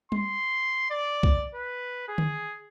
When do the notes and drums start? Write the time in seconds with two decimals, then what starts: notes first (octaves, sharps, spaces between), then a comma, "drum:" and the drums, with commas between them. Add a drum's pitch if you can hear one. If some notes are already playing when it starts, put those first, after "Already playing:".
0.12 C6, drum: tom G3
0.91 D5
1.23 drum: kick
1.55 B4
2.08 G#4
2.18 drum: tom D3